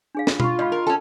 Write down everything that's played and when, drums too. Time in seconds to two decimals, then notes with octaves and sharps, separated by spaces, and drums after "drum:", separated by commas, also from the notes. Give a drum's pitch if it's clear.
0.15 D4 G#4 F5
0.27 F4, drum: snare
0.40 F4 B5 C#6, drum: tom
0.59 G#2 D#5 F5 B5
0.72 A#4
0.87 C#4 A4 G5